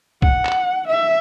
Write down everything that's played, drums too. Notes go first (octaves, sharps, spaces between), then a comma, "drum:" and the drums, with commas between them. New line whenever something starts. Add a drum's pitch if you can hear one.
F#5, drum: kick
drum: clap
E5